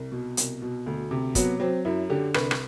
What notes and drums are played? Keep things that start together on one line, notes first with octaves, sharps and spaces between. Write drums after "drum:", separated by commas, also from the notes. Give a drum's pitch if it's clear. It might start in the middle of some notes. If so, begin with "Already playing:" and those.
Already playing: C2
B2
C2, drum: hi-hat
B2
D2
C3
F#3 B3, drum: kick, hi-hat
F#3 C4
F#2 E4
D3 G4
C2 B4, drum: rim click
drum: rim click